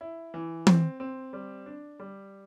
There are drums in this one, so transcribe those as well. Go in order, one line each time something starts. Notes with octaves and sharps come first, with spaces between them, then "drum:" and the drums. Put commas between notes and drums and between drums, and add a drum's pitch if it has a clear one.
E4
E3
C4, drum: tom E3
C4
G3
D4
G3